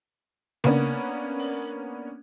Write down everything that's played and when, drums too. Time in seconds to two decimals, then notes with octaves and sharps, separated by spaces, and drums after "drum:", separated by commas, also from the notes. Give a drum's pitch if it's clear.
0.64 A#3 B3 C#4 D4, drum: tom C#3
1.39 drum: open hi-hat